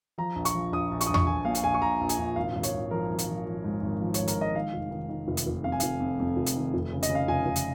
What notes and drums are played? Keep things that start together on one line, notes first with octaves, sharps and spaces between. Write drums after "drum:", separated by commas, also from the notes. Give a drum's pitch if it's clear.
F3 A#5
A#1
C#6, drum: hi-hat
F3
A#1 D#6
A#1
C#6, drum: hi-hat
A#1 D#6
C#6, drum: tom E2
F3 G#5
A#2 F5
drum: hi-hat
A#1 G#5
C#6
A#1 A#5
A#1
G#5, drum: hi-hat
A#1
G#1 F5
G#1
C#5, drum: hi-hat
G#1
F3 A#4
G#1
drum: hi-hat
F3
F3
G#2
G#1
F3
C#5, drum: hi-hat
G#1
A#4, drum: hi-hat
G#2 D#5
D#3 F5
F1
D#3
D#3
F1
drum: hi-hat
F1
F2 F5
G#5
F1 F5, drum: hi-hat
F2
F2
F1
drum: hi-hat
D#3
F1
C#3
D#5, drum: hi-hat
C#3
F5
F1 G#5
F1
drum: hi-hat